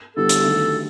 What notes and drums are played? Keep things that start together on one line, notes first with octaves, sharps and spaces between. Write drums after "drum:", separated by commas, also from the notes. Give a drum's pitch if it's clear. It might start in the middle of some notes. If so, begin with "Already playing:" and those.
D3 G3 B3 E4 A4
drum: hi-hat
D#3 F#3 A3 D4 G4